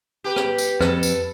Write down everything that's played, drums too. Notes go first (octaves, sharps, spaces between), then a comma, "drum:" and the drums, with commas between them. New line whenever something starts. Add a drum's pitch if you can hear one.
G4 B4
drum: rim click
drum: tambourine
F2 A4 B4, drum: rim click
drum: tambourine